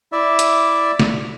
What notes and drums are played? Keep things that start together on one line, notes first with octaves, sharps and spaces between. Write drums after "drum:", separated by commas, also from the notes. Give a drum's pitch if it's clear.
E4 D5 E5
drum: hi-hat
drum: snare